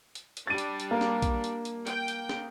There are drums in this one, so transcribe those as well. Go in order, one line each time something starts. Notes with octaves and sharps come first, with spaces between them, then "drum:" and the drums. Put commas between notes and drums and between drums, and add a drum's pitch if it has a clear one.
drum: hi-hat
drum: hi-hat
G3 D4 A6 D#7
drum: hi-hat
drum: hi-hat
A#3
drum: snare
drum: kick A#1, hi-hat
drum: hi-hat
drum: hi-hat
G5, drum: hi-hat
drum: hi-hat
drum: snare